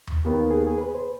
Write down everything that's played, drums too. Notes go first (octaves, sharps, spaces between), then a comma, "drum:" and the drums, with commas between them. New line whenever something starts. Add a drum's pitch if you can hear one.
drum: tom D#2
D#2 D#3 B3 G4
G#4
G#4
B4
C5